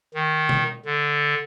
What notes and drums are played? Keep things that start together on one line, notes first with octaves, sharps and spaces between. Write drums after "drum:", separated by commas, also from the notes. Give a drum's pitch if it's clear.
D#3
drum: tom B2
D3